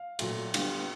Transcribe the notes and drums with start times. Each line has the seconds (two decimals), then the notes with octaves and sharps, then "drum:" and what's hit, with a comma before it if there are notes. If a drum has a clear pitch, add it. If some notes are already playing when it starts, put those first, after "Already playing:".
Already playing: F5
0.19 A#2 F#3 A3, drum: cymbal
0.54 D3 G3 B3 F5, drum: cymbal